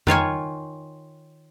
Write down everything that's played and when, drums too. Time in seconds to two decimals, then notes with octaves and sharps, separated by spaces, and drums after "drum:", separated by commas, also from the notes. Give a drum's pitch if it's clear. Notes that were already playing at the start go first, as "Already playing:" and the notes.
0.07 D#3 F4 C#5 G#5, drum: tom F2